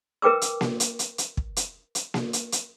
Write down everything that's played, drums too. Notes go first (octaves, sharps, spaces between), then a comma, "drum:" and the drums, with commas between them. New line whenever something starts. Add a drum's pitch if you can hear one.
A#4 B4 G5 D6 E6
drum: hi-hat
drum: snare A#3
drum: hi-hat
drum: hi-hat
drum: hi-hat
drum: kick
drum: hi-hat
drum: hi-hat
drum: snare A#3
drum: hi-hat
drum: hi-hat